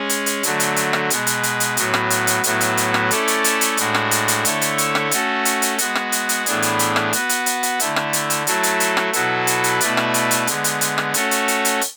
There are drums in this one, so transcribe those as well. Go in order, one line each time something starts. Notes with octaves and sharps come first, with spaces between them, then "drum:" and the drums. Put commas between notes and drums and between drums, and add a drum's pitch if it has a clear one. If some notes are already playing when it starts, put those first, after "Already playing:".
Already playing: G#3 C#4 G#4
drum: hi-hat
drum: hi-hat
D3 F#3 A3, drum: hi-hat
drum: hi-hat
drum: hi-hat
drum: rim click
B2 G#3 B3, drum: hi-hat
drum: hi-hat
drum: hi-hat
drum: hi-hat
A2 F#3 B3, drum: hi-hat
drum: rim click
drum: hi-hat
drum: hi-hat
A2 F#3 B3 E4, drum: hi-hat
drum: hi-hat
drum: hi-hat
drum: rim click
A3 C#4 E4 A4 D5, drum: hi-hat
drum: hi-hat
drum: hi-hat
drum: hi-hat
A2 G#3 D4 F#4, drum: hi-hat
drum: rim click
drum: hi-hat
drum: hi-hat
D3 A3 E4 A4 C#5, drum: hi-hat
drum: hi-hat
drum: hi-hat
drum: rim click
A3 C#4 F#4 A4, drum: hi-hat
drum: hi-hat
drum: hi-hat
G#3 B3 F#4, drum: hi-hat
drum: rim click
drum: hi-hat
drum: hi-hat
A2 E3 B3 D4 G#4, drum: hi-hat
drum: hi-hat
drum: hi-hat
drum: rim click
B3 F#4 B4, drum: hi-hat
drum: hi-hat
drum: hi-hat
drum: hi-hat
D3 A3 E4, drum: hi-hat
drum: rim click
drum: hi-hat
drum: hi-hat
F#3 A3 E4 A4, drum: hi-hat
drum: hi-hat
drum: hi-hat
drum: rim click
B2 F#3 B3 E4 A4, drum: hi-hat
drum: hi-hat
drum: hi-hat
B2 A3 E4 B4 D5, drum: hi-hat
drum: rim click
drum: hi-hat
drum: hi-hat
D3 G#3 B3, drum: hi-hat
drum: hi-hat
drum: hi-hat
drum: rim click
A3 C#4 F#4 A4 C#5, drum: hi-hat
drum: hi-hat
drum: hi-hat
drum: hi-hat
drum: hi-hat